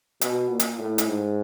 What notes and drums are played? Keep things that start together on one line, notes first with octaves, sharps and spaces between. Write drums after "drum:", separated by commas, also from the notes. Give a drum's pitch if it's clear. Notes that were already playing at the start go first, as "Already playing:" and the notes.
B2, drum: hi-hat
A#2
drum: hi-hat
A2
drum: hi-hat
G#2